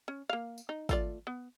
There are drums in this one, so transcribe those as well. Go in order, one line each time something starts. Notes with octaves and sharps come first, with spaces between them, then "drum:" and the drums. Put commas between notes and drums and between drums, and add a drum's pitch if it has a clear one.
C#4
A#3 F5
drum: tambourine
D#4
A3 F4 D5, drum: kick, tambourine
B3